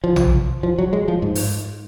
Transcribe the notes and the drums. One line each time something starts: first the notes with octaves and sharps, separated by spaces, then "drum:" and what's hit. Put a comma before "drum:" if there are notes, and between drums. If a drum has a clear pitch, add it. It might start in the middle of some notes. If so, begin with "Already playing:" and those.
F3
drum: tom A#1
F3
F#3
G#3
F3
G#2
drum: open hi-hat